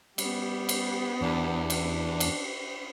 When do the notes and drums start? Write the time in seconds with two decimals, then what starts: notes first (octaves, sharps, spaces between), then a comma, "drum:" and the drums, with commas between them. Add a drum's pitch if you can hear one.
0.18 G3 B3 G4, drum: cymbal
0.69 drum: cymbal
1.22 E2 D4
1.70 drum: cymbal
2.20 drum: cymbal